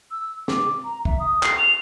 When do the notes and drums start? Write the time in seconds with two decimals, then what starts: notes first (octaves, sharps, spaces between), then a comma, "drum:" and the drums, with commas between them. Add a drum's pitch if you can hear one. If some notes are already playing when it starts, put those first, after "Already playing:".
0.11 E6
0.48 D6, drum: snare
0.84 A#5
1.05 E5, drum: kick
1.20 D#6
1.43 C7, drum: clap
1.58 F7